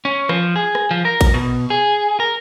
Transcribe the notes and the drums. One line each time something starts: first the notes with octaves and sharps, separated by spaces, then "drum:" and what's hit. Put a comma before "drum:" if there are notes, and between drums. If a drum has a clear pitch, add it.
C#4
F3, drum: rim click
G#4
drum: rim click
F3
A#4
drum: kick A#1, cymbal
B2
G#4
A#4